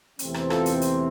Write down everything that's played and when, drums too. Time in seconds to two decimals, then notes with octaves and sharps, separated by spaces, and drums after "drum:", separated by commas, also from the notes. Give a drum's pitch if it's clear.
0.19 E2 C3 E3 A3 C4, drum: hi-hat
0.34 drum: rim click
0.50 F4 A4, drum: rim click
0.66 drum: hi-hat
0.81 drum: hi-hat